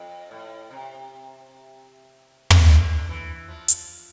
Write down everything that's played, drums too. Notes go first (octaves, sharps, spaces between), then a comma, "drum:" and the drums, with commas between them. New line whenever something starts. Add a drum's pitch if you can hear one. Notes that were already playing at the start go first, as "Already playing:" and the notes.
Already playing: F2
A2
C3
drum: tom
D3
E3
F3
drum: hi-hat